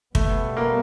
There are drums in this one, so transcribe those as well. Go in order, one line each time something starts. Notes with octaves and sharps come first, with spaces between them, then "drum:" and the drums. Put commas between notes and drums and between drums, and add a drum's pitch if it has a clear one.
B2 G3 A3 B3, drum: kick
A#3